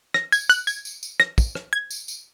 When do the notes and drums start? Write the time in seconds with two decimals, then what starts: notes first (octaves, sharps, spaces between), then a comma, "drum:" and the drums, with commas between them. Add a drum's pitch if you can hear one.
0.14 A#6, drum: rim click
0.32 G#6, drum: tambourine
0.50 F#6, drum: tambourine
0.67 G#6, drum: tambourine
0.85 drum: tambourine
1.03 drum: tambourine
1.20 A#6, drum: rim click
1.38 drum: kick, tambourine
1.55 drum: rim click
1.73 G#6
1.91 drum: tambourine
2.08 drum: tambourine